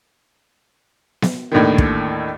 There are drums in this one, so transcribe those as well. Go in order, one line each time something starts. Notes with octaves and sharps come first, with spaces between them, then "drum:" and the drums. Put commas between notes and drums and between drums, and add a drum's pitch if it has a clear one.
drum: snare B3
D#2 A2 D3 D#3
drum: kick